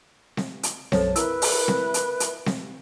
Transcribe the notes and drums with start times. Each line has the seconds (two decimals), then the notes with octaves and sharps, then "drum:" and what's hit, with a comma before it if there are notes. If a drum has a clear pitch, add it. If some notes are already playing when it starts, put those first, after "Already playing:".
0.37 drum: snare C4
0.63 drum: hi-hat
0.92 B1 F#2 A4 C5 C#5 A5, drum: snare C4
1.16 E4 A#4 B4 E5 E6, drum: hi-hat
1.42 drum: open hi-hat
1.68 drum: snare C4
1.94 drum: hi-hat
2.20 drum: hi-hat
2.46 drum: snare C4